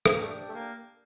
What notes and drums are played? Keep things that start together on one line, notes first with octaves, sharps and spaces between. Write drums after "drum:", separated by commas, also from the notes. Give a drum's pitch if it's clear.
drum: rim click
A#3
A3 D4 G4 D5 G5
A3
A#3